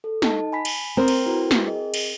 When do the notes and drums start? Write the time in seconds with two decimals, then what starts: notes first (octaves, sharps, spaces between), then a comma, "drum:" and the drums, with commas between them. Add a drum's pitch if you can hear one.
0.04 A4
0.22 D#4 D#5 A5, drum: snare
0.53 G#5 B5 B6
0.65 drum: cymbal
0.97 C4 A#4 A#5 C6
1.08 drum: cymbal
1.26 E4 F#4 B4
1.51 drum: snare
1.66 G#4 D#5
1.94 drum: cymbal